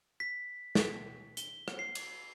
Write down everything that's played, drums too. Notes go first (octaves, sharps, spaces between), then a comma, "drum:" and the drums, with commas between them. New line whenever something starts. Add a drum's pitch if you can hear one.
B6
drum: snare
G7, drum: hi-hat
drum: rim click
C7
drum: cymbal